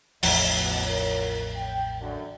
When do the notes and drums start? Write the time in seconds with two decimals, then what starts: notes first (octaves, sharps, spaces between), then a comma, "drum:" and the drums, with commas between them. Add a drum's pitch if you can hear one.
0.23 A1 E2 A2 F3 D#5, drum: open hi-hat
0.55 B2
0.86 F4 A#4 C#5
1.56 G5
2.00 F#2 D3